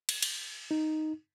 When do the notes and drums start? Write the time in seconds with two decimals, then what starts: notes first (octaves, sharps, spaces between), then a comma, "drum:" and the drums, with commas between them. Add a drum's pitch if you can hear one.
0.09 drum: cymbal
0.22 drum: cymbal
0.71 D#4